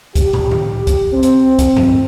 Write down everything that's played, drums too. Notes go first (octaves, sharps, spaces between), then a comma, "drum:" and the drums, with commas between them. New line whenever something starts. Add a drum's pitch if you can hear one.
G4, drum: kick, hi-hat
drum: tom
drum: tom
drum: kick, hi-hat
C4
drum: hi-hat
drum: kick, hi-hat
drum: tom G2